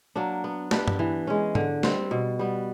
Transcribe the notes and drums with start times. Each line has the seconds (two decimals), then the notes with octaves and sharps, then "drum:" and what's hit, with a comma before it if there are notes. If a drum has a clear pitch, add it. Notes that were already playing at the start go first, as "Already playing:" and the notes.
0.16 F#3 A#3 D4
0.44 B3
0.71 D4 G4 B4, drum: snare
0.88 drum: tom G2
0.99 E3
1.27 G#3 C#4
1.55 D3, drum: tom G#2
1.83 G3 C4, drum: snare
2.11 B2
2.39 G3 B3